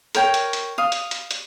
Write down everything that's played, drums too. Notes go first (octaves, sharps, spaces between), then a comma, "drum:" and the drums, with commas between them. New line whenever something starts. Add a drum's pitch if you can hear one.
A#4 C#5 G5, drum: hi-hat
drum: hi-hat
drum: hi-hat
F5 D#6
drum: hi-hat
drum: hi-hat
drum: hi-hat